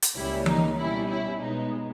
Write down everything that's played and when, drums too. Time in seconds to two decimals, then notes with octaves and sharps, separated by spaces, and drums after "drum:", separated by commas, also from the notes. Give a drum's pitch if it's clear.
0.02 drum: hi-hat
0.15 C#2 C#3 G3 A#3 C#4 E4
0.46 D#4, drum: tom E3
0.78 B2 G3 C#4 E4
1.09 E4
1.40 B2 G#3 B3 D#4